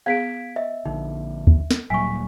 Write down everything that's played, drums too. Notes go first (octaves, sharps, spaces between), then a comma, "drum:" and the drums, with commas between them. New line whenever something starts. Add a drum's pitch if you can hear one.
B3 G#4 F5 G#6 B6 D7
D#5 E5
A#1 D3 D#4
drum: kick D#2
drum: snare
D1 A#2 F#3 G3 G#5 C#6 B6